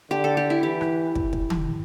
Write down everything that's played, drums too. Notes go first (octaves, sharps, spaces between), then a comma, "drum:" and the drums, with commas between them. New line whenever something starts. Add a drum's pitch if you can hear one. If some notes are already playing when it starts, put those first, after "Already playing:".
D3 G4
A4
G4
E4
E3 G4
drum: rim click
drum: kick
drum: kick
drum: tom D#3